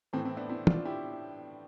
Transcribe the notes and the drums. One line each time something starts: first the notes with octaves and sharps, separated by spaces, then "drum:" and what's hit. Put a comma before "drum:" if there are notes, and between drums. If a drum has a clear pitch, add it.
A2 E3 A3 C4
C4 E4
B3 D4
C4 E4
D4 F4, drum: tom
E4 G4